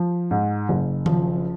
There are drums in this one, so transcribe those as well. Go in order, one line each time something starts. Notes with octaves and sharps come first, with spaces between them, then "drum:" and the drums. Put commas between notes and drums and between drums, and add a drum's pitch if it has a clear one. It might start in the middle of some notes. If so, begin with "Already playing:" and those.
Already playing: F3
G#2
F#1
F3, drum: tom D#3